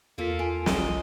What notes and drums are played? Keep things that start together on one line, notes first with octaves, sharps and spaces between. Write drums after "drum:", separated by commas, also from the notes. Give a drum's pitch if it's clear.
E2 A#3 F4 A4 B6
F4 G#5 D7
G1 C2 C#4 D#5, drum: snare